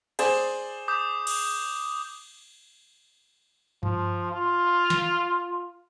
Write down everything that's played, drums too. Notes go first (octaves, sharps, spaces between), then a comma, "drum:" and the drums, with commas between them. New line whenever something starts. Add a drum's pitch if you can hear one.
G#4 C5 D5, drum: cymbal
D6 D#6 G6
drum: cymbal
F3, drum: tom G2
F4
drum: snare